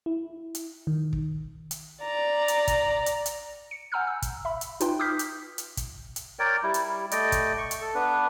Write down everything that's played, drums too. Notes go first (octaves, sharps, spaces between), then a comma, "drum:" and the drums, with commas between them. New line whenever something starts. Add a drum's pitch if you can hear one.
E4
drum: hi-hat
D#3
drum: kick
drum: hi-hat
D5 A#5
drum: hi-hat
drum: kick, hi-hat
drum: hi-hat
drum: hi-hat
C#7
F#5 G#5 A#5 E6 F6 G6
E6
drum: kick, hi-hat
E5 B5
drum: hi-hat
D#4 F4 B4 G5 C6, drum: hi-hat
D6 D#6 F6 G6 B6
drum: hi-hat
drum: hi-hat
drum: kick, hi-hat
drum: hi-hat
A#4 C#5 D5 G5
G3 E4
drum: hi-hat
A3 D5 D#5 G5, drum: hi-hat
drum: kick, hi-hat
C#6
drum: hi-hat
A4
B3 D4 B4